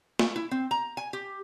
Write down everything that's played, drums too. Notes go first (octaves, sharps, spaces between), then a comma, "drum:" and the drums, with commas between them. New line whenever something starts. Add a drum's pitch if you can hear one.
A3, drum: snare
E4
C4
A#5
G#5
G4